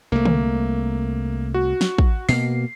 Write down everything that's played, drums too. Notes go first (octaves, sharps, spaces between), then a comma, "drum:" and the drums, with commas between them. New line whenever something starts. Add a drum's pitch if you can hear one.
C2 A3 A#3
drum: tom D3
F#4
drum: snare
drum: kick
B2 A#3 C7, drum: open hi-hat